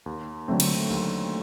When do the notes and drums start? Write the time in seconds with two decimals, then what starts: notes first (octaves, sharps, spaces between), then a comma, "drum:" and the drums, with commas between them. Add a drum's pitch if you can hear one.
0.06 D#2
0.48 D3 F#3 A3 C4
0.60 drum: cymbal
0.90 D#2